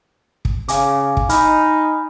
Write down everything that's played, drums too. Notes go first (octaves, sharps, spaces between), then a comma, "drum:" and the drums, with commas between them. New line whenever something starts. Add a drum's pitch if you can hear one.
drum: kick
C#3 F5 G#5 D6, drum: hi-hat
drum: kick
D#4 G#5 B5 F6, drum: hi-hat